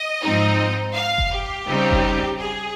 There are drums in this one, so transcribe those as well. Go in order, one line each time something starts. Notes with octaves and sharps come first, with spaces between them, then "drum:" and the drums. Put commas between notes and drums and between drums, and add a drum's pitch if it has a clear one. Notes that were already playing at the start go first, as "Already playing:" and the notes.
Already playing: D#5
G#2 F3 C4 D#4
F5
drum: kick F#1
G4
C#3 G3 C4 D#4
drum: kick F#1
G#4